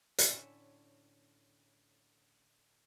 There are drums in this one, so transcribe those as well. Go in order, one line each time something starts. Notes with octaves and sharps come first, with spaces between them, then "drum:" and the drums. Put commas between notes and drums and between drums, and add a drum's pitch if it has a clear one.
A2 D3 C#4 E5 G#5, drum: hi-hat